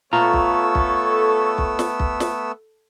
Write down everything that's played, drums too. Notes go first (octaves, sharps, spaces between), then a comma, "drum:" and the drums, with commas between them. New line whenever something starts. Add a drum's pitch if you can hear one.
A3 B3 F4 A4 C#5 A#5 E6
drum: kick B1
drum: kick B1
drum: kick B1
drum: snare
drum: kick B1
drum: snare